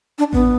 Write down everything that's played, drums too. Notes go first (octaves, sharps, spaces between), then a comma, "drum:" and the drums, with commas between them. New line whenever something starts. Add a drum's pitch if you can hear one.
D4
B3, drum: kick A1